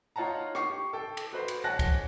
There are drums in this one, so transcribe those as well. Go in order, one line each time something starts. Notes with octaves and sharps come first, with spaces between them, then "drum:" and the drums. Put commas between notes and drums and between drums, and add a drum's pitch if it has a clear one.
D#4 F4 C#5 F#5 A5 A#5
G4 C#6 C7, drum: rim click
A4 G5
drum: cymbal
F#4 B4 C5
drum: cymbal
C#5 F#5 G#5 A5 F#6 A#6
drum: kick, cymbal